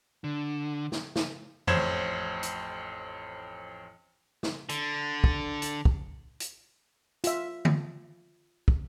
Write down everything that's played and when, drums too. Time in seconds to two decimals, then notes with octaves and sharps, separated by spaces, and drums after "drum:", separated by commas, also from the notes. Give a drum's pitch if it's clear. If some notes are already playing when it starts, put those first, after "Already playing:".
0.24 D3
0.92 drum: snare
1.16 drum: snare
1.67 A1 F2 C5 C#5 G#6 E7, drum: tom F2
2.43 drum: hi-hat
4.43 drum: snare
4.69 D3, drum: hi-hat
5.24 drum: kick
5.62 drum: hi-hat
5.85 drum: kick
6.40 drum: hi-hat
7.24 F4 E5, drum: hi-hat
7.65 drum: tom
8.68 drum: kick